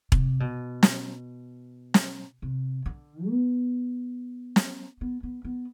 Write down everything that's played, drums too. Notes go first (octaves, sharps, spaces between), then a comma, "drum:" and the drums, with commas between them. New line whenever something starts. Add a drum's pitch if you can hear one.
C3, drum: kick E1
B2
drum: snare
drum: snare
C3
D3
B3
drum: snare
B3
B3
B3